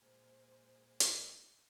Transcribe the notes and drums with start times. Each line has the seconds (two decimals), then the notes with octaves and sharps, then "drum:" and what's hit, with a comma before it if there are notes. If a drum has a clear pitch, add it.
0.02 A#2 G#3 C5
1.00 drum: hi-hat